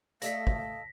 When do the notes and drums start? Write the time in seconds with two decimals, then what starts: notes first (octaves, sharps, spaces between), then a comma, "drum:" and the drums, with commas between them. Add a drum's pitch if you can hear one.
0.22 A3 A4 D#5 F5 A#6 B6, drum: hi-hat
0.47 drum: kick